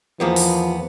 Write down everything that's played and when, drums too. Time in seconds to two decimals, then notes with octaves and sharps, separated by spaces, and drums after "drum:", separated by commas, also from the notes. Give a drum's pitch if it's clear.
0.20 E2 F3 A#3 B3
0.36 drum: open hi-hat